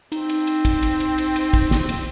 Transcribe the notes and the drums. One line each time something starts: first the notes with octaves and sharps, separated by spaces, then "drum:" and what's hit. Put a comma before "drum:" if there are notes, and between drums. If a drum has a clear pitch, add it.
C4 D#4, drum: cymbal
drum: cymbal
drum: cymbal
drum: kick, cymbal
drum: cymbal
drum: cymbal
drum: cymbal
drum: cymbal
drum: kick, cymbal
drum: snare
drum: cymbal